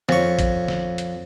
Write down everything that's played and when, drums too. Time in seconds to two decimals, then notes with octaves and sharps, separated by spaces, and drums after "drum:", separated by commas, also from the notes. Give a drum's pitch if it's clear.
0.09 F2 C#5, drum: snare
0.39 drum: kick, hi-hat
0.68 drum: snare
0.98 drum: hi-hat